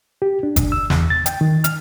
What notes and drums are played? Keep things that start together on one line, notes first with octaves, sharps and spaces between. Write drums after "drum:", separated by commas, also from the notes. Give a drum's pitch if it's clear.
G4
D4
drum: kick G1, hi-hat
E6
E2, drum: snare
A6
G5, drum: hi-hat
D#3
F6, drum: hi-hat